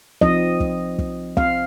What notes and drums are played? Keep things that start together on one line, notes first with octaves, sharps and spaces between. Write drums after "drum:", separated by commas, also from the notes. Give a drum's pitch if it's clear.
F3 C4 D#5, drum: kick
drum: kick
drum: kick
F3 C4 F5, drum: kick